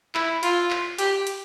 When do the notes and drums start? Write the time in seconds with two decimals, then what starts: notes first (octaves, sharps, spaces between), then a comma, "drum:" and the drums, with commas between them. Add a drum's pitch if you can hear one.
0.15 E4, drum: clap
0.43 F4, drum: hi-hat
0.71 drum: clap
0.98 G4, drum: hi-hat
1.27 drum: hi-hat